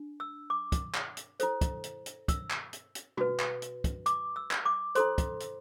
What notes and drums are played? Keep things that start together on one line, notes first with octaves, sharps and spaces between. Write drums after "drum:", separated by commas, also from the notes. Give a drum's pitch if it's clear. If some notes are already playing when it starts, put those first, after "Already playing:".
Already playing: D4
E6
D6
drum: kick, hi-hat
drum: clap
drum: hi-hat
E4 A4 C5, drum: hi-hat
drum: kick, hi-hat
drum: hi-hat
drum: hi-hat
E6, drum: kick, hi-hat
drum: clap
drum: hi-hat
drum: hi-hat
F#4 B4, drum: tom
drum: clap
drum: hi-hat
drum: kick, hi-hat
D6, drum: hi-hat
E6
drum: clap
D6
E4 A4 C5 C6, drum: hi-hat
drum: kick, hi-hat
drum: hi-hat